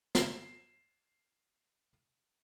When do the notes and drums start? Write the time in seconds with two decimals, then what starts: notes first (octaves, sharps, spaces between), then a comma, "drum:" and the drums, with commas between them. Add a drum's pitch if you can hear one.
0.15 C7 E7, drum: snare